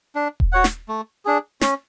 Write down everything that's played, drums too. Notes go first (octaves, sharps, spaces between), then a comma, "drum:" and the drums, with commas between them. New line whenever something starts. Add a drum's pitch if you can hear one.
D4
drum: kick D#1
F#4 C#5 F#5
drum: snare
A3
D4 G#4
C#4, drum: snare